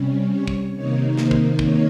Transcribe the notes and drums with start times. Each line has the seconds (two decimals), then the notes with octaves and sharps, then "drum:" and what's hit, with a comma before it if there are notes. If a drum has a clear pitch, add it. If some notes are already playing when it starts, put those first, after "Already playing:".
Already playing: C3 G3 C#4
0.34 C#5
0.48 drum: kick
0.76 C3 D#3 A#3 D#4 C#5
1.17 C5, drum: snare
1.31 drum: kick
1.59 C#5, drum: kick